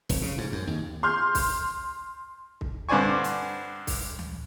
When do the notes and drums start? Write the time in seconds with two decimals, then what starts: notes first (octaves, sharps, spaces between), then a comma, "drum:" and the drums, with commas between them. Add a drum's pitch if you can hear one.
0.09 F1, drum: kick C2, open hi-hat
0.22 C#3
0.38 G#2
0.52 F#2
0.67 D#2
1.03 C6 F6 G6
1.35 drum: kick C2, open hi-hat
2.61 drum: kick C2
2.89 G2 D3 C5 D5 G#5 C#6
3.24 drum: hi-hat
3.87 drum: kick C2, open hi-hat
4.19 drum: tom D2